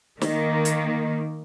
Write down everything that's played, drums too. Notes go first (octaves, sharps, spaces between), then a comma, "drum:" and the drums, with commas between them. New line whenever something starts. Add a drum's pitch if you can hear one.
D#3 A#3, drum: snare
drum: hi-hat